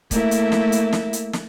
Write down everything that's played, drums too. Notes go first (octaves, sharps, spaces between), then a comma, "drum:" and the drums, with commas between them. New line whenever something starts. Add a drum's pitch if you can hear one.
A3 A#3 E4 A#4 E5, drum: kick, hi-hat
drum: hi-hat
drum: snare
drum: hi-hat
drum: snare
drum: hi-hat
drum: snare